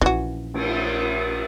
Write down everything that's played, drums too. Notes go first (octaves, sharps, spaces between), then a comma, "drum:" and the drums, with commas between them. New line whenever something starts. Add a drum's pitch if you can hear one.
A#1 E3 C#4 F#4
drum: cymbal